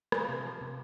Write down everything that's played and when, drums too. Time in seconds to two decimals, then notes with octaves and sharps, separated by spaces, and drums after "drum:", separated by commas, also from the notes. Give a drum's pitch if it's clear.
0.12 G#3 F4 G#4, drum: rim click
0.29 C3
0.45 F3
0.61 C3